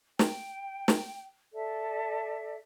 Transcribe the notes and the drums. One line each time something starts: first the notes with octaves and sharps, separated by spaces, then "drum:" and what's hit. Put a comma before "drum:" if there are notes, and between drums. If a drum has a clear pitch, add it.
G5, drum: snare
drum: snare
A4 D5 E5